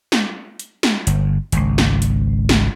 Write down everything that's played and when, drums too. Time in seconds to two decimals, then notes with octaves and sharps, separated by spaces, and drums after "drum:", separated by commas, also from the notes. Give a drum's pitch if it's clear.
0.12 drum: snare
0.59 drum: hi-hat
0.83 drum: snare
1.07 G1, drum: hi-hat
1.52 G#1 C#2, drum: hi-hat
1.78 drum: snare
2.02 drum: hi-hat
2.49 drum: snare